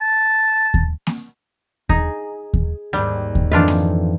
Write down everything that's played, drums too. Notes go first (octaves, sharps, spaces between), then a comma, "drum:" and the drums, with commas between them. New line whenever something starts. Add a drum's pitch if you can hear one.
A5
drum: kick D#2
drum: snare A#3
D#4 G#4, drum: kick D#2
drum: kick D#2
D#2 G#2 G3
drum: kick D#2
F2 D#3 E3 D4 D#4 F4 B4 D#5
drum: snare A#3